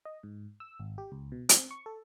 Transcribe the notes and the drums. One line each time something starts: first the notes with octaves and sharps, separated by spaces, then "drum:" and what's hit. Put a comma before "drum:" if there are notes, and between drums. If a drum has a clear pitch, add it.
D#5
G#2
E6
G#1
G4
C#2
B2
C4, drum: hi-hat
C#6
A4